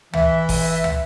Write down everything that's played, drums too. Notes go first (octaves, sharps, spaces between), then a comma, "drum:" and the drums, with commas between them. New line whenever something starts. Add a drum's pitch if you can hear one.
E3 E5, drum: tom
drum: kick G1, open hi-hat
drum: tom